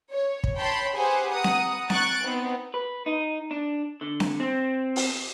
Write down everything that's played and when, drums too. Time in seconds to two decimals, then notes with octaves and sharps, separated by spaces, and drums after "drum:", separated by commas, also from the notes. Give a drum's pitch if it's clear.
0.11 C#5
0.44 drum: kick
0.57 C#5 G5 A5 B5 C6
0.95 G4 G#4 B4 C5 F#5 G#5
1.31 B4 F#5 A#5 D#6
1.44 drum: snare C4
1.90 C#6 F#6 A6 D7, drum: snare C4
2.22 B3 C4 D#4
2.74 B4
3.06 D#4
3.51 D4
4.01 D3
4.20 drum: snare C4
4.40 C4
4.96 drum: open hi-hat